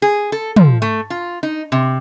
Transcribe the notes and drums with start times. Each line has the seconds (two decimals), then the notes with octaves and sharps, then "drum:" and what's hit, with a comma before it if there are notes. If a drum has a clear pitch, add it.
0.02 G#4
0.32 A4
0.56 F3, drum: tom
0.82 A3
1.10 F4
1.43 D#4
1.72 C3